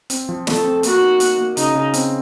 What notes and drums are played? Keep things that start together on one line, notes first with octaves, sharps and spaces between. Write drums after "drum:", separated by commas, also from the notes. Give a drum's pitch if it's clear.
C4, drum: hi-hat
F3
A3 A4, drum: snare
C4
A#3 F#4, drum: hi-hat
D#4
A#3, drum: hi-hat
A#3
C#3 D#4, drum: hi-hat
C#3
C4, drum: hi-hat